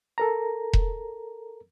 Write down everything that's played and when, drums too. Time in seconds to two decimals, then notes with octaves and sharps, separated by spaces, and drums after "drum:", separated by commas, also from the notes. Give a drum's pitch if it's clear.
0.18 A4 A#4 A#5
0.73 drum: kick E1